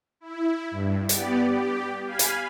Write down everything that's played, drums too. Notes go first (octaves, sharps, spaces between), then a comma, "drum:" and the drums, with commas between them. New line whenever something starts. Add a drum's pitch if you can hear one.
E4
G2
B3 G4 D5, drum: hi-hat
G4
F5 G#5 B5
drum: hi-hat